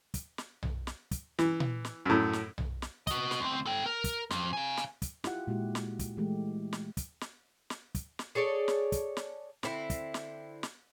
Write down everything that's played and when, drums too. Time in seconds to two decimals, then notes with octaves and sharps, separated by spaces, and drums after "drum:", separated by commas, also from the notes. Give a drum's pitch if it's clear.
0.14 drum: kick, hi-hat
0.38 drum: snare
0.63 drum: tom B1
0.87 drum: snare
1.11 drum: kick, hi-hat
1.39 E3, drum: snare
1.60 drum: tom A#2
1.85 drum: snare
2.06 F#2 A2
2.33 drum: snare
2.58 drum: tom B1
2.82 drum: snare
3.07 F#4 D#5, drum: kick, hi-hat
3.31 drum: snare
3.40 D2 C4
3.66 A4 G5
3.86 A#4
4.04 drum: kick, hi-hat
4.31 F2, drum: snare
4.53 F5 G#5
4.77 drum: snare
5.02 drum: kick, hi-hat
5.24 E4 F4 G4 F#5, drum: snare
5.47 A#2 G#3 E4 F#4 G4
5.75 drum: snare
5.99 drum: kick, hi-hat
6.17 E3 G#3 A3 G4
6.73 drum: snare
6.97 drum: kick, hi-hat
7.21 drum: snare
7.70 drum: snare
7.95 drum: kick, hi-hat
8.19 drum: snare
8.35 G#4 A4 C#5 D5
8.68 drum: snare
8.92 drum: kick, hi-hat
9.17 drum: snare
9.63 D3 C4 E4, drum: snare
9.90 drum: kick, hi-hat
10.14 drum: snare
10.63 drum: snare